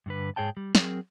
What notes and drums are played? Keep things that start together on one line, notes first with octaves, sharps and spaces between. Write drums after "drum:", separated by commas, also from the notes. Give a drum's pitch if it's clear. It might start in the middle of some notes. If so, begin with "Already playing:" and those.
G2 D3 B4
G#2 G#4 C#5 G5 A5
G3
F#3 C4 G#4 A#4, drum: snare